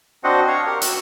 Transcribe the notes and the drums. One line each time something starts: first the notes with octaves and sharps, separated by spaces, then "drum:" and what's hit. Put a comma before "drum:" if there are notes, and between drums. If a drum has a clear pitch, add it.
C4 D4 F#4 C5 D#5 F#5
C#5 F5 F#5 C#6
G4 A#4 F#5
F#4 E6, drum: hi-hat